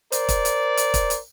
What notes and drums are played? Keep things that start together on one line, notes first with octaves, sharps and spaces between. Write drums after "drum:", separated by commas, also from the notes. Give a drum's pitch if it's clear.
A#4 C5 D5, drum: hi-hat
drum: kick, hi-hat
drum: hi-hat
drum: hi-hat
drum: kick, hi-hat
drum: hi-hat